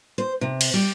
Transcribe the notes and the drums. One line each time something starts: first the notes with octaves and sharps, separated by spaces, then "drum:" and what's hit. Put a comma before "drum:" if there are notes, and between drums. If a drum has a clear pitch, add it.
C5
C3
drum: cymbal
G3